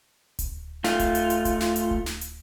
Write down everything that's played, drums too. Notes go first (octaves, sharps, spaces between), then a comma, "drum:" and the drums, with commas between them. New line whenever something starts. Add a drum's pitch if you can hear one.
drum: kick D1, hi-hat
A3 F4, drum: snare
drum: kick D1, hi-hat
drum: hi-hat
drum: hi-hat
drum: kick D1, hi-hat
drum: snare
drum: hi-hat
drum: kick D1
drum: snare
drum: hi-hat